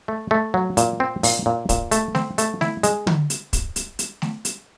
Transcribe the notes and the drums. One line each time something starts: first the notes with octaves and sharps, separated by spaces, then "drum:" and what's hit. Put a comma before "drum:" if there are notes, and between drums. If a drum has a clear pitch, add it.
A3
A3
F#3
A#2, drum: hi-hat
C4
A#2, drum: open hi-hat
A#2
A#2, drum: kick, hi-hat
A3, drum: hi-hat
C4, drum: snare A3
A3, drum: hi-hat
E4, drum: snare A3
G#3, drum: hi-hat
drum: tom D3
drum: hi-hat
drum: kick, hi-hat
drum: hi-hat
drum: hi-hat
drum: snare A3
drum: hi-hat